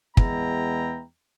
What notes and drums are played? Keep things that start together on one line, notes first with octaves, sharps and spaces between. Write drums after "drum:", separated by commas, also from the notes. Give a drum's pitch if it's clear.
E2 G#3 B3 E4 G5 A#5, drum: kick